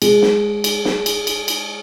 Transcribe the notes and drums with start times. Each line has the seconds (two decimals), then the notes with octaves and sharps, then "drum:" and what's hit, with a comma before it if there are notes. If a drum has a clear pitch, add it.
0.02 G#3, drum: cymbal
0.22 drum: snare
0.64 drum: cymbal
0.85 drum: snare
1.06 drum: cymbal
1.27 drum: cymbal
1.48 drum: cymbal